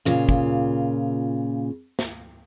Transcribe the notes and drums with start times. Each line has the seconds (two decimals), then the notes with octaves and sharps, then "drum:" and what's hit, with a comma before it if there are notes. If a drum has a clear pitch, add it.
0.05 A#2 C#3 F4
0.29 drum: kick
1.99 drum: snare